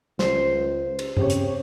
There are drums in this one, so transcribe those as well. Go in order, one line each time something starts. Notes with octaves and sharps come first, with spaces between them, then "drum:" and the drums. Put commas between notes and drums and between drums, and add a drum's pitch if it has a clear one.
C#2 C5, drum: snare
drum: cymbal
C#3 C4 G4 C#5, drum: tom G2
drum: hi-hat